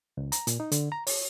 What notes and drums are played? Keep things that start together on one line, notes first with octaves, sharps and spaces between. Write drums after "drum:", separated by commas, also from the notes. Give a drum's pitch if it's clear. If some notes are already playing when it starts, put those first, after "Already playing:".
C#2
A#5, drum: hi-hat
A#2, drum: hi-hat
D#4
D3, drum: hi-hat
A#5
C#5, drum: open hi-hat